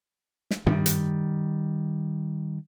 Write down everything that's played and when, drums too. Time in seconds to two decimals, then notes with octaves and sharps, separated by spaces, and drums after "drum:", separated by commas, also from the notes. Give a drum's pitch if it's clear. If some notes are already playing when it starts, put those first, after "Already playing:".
0.51 drum: snare
0.66 D#3 G3, drum: tom G2
0.86 drum: hi-hat